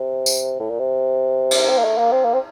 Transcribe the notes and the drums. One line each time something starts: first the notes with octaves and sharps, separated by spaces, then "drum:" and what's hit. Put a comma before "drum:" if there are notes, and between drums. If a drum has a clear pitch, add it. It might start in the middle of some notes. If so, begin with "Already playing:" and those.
Already playing: C3
drum: tambourine
A2
A#2
C3
drum: cymbal
C4
A#3
A3
A#3
C4
A#3
C4